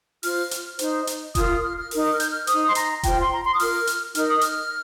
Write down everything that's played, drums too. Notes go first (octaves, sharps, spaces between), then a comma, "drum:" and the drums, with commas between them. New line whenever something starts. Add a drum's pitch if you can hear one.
F4 C5 F6, drum: open hi-hat
drum: hi-hat
D#4 C5, drum: hi-hat
drum: hi-hat
F4 A#4 D#6, drum: kick E1, hi-hat
D#6
F6
F6
D#4 A#4, drum: open hi-hat
F6
G6, drum: hi-hat
F6
D#4 C5 D#6, drum: hi-hat
C6
A#5, drum: hi-hat
F4 C5 G5, drum: kick E1, hi-hat
C6
A#5
C6
D#6
F4 A#4 F6, drum: open hi-hat
drum: hi-hat
D#4 A#4 F6, drum: hi-hat
D#6
F6, drum: hi-hat